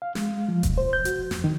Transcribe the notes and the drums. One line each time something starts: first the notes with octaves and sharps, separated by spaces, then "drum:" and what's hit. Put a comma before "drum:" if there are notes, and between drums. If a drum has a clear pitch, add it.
F5
G#3, drum: snare
F3
B2, drum: kick E1, hi-hat
C5
G6
F#4, drum: hi-hat
F2, drum: snare
D#3